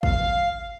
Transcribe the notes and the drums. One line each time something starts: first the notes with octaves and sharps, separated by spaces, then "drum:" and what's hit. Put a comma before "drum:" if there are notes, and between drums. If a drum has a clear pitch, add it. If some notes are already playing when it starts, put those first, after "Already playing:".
F5, drum: kick